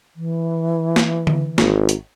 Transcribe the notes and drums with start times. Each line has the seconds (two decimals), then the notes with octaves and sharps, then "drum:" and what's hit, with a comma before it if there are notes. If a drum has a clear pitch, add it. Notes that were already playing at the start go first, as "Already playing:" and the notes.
0.16 E3
0.96 drum: snare
1.27 drum: tom D3
1.58 G#1, drum: snare
1.89 drum: hi-hat